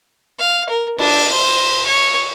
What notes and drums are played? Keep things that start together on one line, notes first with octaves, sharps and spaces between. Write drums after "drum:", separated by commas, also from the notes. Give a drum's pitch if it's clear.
F5
A#4
D4, drum: cymbal
C5
C#5